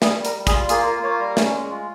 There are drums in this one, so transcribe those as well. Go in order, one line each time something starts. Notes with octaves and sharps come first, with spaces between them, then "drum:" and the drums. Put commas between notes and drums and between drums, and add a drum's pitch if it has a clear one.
G3 G#4, drum: snare
G3
A#4, drum: hi-hat
G3
G#4, drum: kick, hi-hat
F4
A#3 G#4, drum: hi-hat
F4 A#4
A#3 C#5
G3 A#4
C#4, drum: snare
G#3
F4